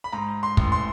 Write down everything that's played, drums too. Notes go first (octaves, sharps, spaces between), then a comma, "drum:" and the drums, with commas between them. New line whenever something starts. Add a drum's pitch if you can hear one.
B5
G#2 A#5
C6
A1, drum: kick
C6